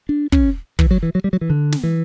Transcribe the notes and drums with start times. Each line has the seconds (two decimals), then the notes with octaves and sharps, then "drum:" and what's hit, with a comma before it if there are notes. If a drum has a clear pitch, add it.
0.09 D4
0.32 C#4, drum: kick
0.79 E3, drum: kick
0.91 F#3
1.03 E3
1.15 F#3
1.24 G3
1.33 F#3
1.41 E3
1.50 D3
1.72 drum: snare
1.83 E3